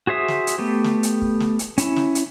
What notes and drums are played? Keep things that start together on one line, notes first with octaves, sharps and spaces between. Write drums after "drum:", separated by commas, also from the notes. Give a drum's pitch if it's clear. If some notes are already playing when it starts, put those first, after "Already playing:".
F#4 G#4 C5 E5 D#6
drum: snare
drum: hi-hat
A3 B3 G4
drum: snare
drum: hi-hat
drum: kick
drum: snare
drum: hi-hat
C#4 E4, drum: hi-hat
drum: snare
drum: hi-hat